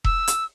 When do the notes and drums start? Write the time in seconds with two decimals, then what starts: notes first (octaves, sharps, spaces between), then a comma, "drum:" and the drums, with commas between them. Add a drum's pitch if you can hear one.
0.04 E6, drum: kick E1
0.28 drum: hi-hat